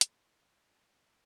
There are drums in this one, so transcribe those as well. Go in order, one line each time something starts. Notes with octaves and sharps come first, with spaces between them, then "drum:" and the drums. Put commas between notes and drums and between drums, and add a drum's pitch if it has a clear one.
A#2 D5, drum: hi-hat